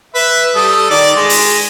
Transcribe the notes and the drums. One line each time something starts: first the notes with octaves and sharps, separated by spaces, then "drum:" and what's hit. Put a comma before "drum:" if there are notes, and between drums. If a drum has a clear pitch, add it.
B4 E5
G3 A4 D#6
D#3 D5
G#3
drum: open hi-hat